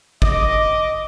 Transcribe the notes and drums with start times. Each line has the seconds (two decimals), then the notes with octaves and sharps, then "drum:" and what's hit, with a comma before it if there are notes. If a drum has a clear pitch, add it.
0.22 D#5 D6, drum: kick